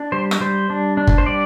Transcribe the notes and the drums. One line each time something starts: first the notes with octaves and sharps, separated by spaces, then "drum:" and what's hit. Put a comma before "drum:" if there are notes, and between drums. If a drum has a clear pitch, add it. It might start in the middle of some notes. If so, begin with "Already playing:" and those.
Already playing: D4
G3 C5
drum: rim click
G3 C5
D4
D4
drum: kick G1
C5
G3 D5